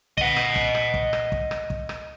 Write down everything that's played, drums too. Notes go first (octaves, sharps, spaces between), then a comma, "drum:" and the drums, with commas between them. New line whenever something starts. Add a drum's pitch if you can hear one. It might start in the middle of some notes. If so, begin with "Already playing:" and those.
D#5 F#5, drum: kick
drum: rim click
drum: kick
drum: rim click
drum: kick
drum: rim click
drum: kick
drum: rim click
drum: kick
drum: rim click